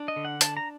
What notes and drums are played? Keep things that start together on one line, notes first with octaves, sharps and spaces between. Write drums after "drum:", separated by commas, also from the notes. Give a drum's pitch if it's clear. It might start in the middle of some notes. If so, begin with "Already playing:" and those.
Already playing: D4
D#5
D3
F#5
D4 A5, drum: hi-hat
A#5